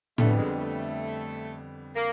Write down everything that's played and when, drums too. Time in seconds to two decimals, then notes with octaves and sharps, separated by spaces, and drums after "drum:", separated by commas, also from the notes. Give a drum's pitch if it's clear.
0.18 F2 D3 G3 A3 B3, drum: tom A2
0.38 G#3
0.58 A3
1.95 A#3